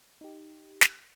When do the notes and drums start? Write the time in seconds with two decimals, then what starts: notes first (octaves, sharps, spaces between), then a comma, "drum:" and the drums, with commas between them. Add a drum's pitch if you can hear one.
0.21 D#4 G4
0.81 drum: snare